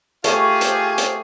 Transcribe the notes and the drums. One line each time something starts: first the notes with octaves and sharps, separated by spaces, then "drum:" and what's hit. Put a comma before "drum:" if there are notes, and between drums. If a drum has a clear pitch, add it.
A3 F4 G4 G#4 C#6, drum: hi-hat
drum: hi-hat
drum: hi-hat